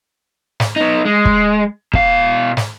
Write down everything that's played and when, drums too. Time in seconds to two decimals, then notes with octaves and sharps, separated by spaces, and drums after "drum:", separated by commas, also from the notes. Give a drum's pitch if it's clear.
0.60 drum: snare
0.76 B3 D#4
1.05 G#3
1.25 drum: kick
1.93 B2 F5, drum: kick
2.57 drum: snare